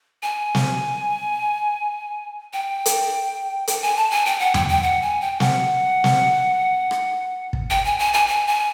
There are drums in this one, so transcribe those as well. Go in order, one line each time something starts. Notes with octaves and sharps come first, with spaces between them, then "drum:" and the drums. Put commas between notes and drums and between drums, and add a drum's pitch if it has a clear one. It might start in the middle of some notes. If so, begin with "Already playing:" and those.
G#5
drum: snare
G5
drum: hi-hat
G5, drum: hi-hat
G#5
A5
G#5
G5
F#5
G5, drum: tom E2
G5
F#5
G#5
G5
F#5, drum: snare
drum: snare
drum: rim click
drum: kick
G5
G#5
G#5
G#5
G#5
G#5